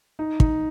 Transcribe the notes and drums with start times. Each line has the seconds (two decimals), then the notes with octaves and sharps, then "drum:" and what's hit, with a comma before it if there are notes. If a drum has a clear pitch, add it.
0.19 D#4
0.40 D#4, drum: kick